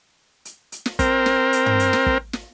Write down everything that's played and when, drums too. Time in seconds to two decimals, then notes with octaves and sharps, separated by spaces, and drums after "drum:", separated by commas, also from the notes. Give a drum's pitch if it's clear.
0.45 drum: hi-hat
0.72 drum: hi-hat
0.86 drum: snare
0.99 C4 A#4, drum: kick, hi-hat
1.26 drum: snare
1.53 drum: hi-hat
1.66 drum: tom
1.80 drum: hi-hat
1.93 drum: snare
2.06 drum: kick
2.33 drum: snare